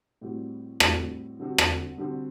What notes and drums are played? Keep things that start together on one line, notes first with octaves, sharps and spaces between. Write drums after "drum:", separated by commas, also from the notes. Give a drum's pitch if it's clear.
A2 G3 C4 F#4
A2 G3 C4 F#4, drum: rim click
D3 G3 C4 F#4
drum: rim click
D3 G3 C4 F#4